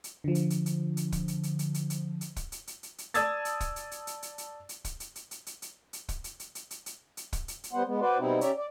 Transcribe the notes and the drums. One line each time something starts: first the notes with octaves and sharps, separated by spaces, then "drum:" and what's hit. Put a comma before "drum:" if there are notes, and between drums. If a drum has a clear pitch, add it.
drum: hi-hat
D3 F3
drum: hi-hat
drum: hi-hat
drum: hi-hat
drum: hi-hat
drum: kick, hi-hat
drum: hi-hat
drum: hi-hat
drum: hi-hat
drum: hi-hat
drum: hi-hat
drum: hi-hat
drum: kick, hi-hat
drum: hi-hat
drum: hi-hat
drum: hi-hat
drum: hi-hat
D5 A5 D#6 E6 G#6 A6, drum: hi-hat
drum: hi-hat
drum: kick, hi-hat
drum: hi-hat
drum: hi-hat
drum: hi-hat
drum: hi-hat
drum: hi-hat
drum: hi-hat
drum: kick, hi-hat
drum: hi-hat
drum: hi-hat
drum: hi-hat
drum: hi-hat
drum: hi-hat
drum: hi-hat
drum: kick, hi-hat
drum: hi-hat
drum: hi-hat
drum: hi-hat
drum: hi-hat
drum: hi-hat
drum: hi-hat
drum: kick, hi-hat
drum: hi-hat
drum: hi-hat
G3 B3 C5 F#5
G#3 B3
F#4 B4 C5 D5
B2 G3 C4 D#4 E4
C#4 G4 C#5 D5 E5 A#5, drum: hi-hat
D5